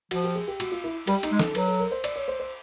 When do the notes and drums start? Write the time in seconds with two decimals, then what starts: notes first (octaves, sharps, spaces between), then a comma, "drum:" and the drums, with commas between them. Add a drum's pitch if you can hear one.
0.11 F3 F#4, drum: cymbal
0.24 G4
0.35 G#4
0.48 G4
0.60 F#4, drum: cymbal
0.71 F4
0.84 E4
1.07 G3 G4, drum: cymbal
1.23 D#4, drum: cymbal
1.32 G#3
1.39 A4, drum: snare
1.55 F#3 B4, drum: cymbal
1.68 A4
1.79 A#4
1.91 C5
2.04 D5, drum: cymbal
2.16 C#5
2.28 C5
2.40 C5